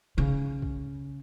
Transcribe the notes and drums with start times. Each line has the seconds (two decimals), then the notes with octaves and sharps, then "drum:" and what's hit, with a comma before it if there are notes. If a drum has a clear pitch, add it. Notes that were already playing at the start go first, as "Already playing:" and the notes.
0.18 C#3
0.62 drum: kick